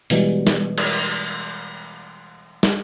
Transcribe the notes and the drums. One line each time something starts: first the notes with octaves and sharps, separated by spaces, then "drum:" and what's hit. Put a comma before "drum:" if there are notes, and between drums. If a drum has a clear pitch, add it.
B2 E3 G3 G#3, drum: open hi-hat
drum: snare
drum: cymbal
drum: snare